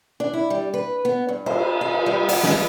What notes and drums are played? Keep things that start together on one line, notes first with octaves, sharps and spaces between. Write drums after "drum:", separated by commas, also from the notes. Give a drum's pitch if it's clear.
D4
E4
G3
B4
B3
G2
C5, drum: cymbal
F5
drum: cymbal
G3
F#5, drum: open hi-hat
G#3, drum: snare